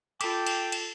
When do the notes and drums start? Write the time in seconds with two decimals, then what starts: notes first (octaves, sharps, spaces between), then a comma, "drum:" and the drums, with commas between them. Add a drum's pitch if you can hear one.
0.21 F4 A4 G5 D6 B6, drum: cymbal
0.46 drum: cymbal
0.72 drum: cymbal